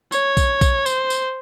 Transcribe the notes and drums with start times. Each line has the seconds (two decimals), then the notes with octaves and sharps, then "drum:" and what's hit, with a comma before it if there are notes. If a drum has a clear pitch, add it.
0.12 C#5, drum: tambourine
0.37 drum: kick A#1, tambourine
0.61 drum: kick A#1, tambourine
0.86 C5, drum: tambourine
1.10 drum: tambourine